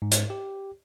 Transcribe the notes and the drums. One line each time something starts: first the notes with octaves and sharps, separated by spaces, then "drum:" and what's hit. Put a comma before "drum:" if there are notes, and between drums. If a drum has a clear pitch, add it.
G#2
drum: hi-hat
G4